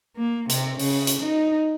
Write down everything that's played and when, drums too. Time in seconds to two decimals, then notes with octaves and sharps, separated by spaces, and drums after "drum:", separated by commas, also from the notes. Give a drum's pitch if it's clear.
0.17 A#3
0.49 C3, drum: hi-hat
0.79 C#3, drum: open hi-hat
1.07 drum: hi-hat
1.22 D#4